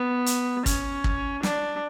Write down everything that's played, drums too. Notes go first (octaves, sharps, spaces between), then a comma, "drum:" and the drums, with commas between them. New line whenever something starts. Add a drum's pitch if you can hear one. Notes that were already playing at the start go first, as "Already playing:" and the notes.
Already playing: B3
drum: hi-hat
C#4, drum: kick, hi-hat
drum: kick
D4, drum: snare